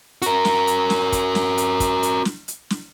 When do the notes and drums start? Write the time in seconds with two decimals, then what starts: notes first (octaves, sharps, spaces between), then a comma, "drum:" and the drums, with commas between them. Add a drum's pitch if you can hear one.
0.22 F#4 A#4, drum: hi-hat
0.45 drum: snare
0.67 drum: hi-hat
0.90 drum: snare
1.12 drum: kick, hi-hat
1.35 drum: snare
1.58 drum: hi-hat
1.80 drum: kick, hi-hat
2.03 drum: hi-hat
2.25 drum: snare
2.48 drum: hi-hat
2.70 drum: snare